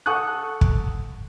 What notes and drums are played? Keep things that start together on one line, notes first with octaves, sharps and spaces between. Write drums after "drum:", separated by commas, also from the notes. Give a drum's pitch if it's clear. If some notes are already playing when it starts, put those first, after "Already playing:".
A4 F#5 C#6 D#6 F#6
drum: kick